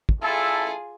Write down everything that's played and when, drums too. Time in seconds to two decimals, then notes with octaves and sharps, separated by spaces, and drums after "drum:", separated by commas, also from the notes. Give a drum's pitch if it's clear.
0.09 drum: kick
0.21 A1 E4 F4 G#4 A4